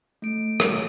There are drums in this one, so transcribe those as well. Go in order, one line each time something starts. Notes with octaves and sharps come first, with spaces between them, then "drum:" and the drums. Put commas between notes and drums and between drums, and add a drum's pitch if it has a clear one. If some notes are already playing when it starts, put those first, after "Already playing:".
A3 D7
drum: rim click